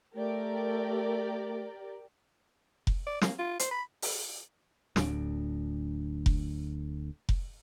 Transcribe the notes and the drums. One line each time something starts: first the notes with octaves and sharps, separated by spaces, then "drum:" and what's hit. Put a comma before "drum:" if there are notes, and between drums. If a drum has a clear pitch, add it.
A3 G4 A#4 D5
drum: kick F1
D5
A#3, drum: snare
F4
C5, drum: hi-hat
B5
drum: open hi-hat
D1 D2 A2 D4, drum: snare
drum: kick F1
drum: kick F1